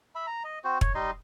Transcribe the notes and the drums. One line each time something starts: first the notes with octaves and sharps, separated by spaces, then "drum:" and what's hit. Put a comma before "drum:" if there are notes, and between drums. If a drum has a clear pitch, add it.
E5 B5
A#5
D#5
C4 F#4 C5
C#5, drum: kick
G3 D#4 D#5 C6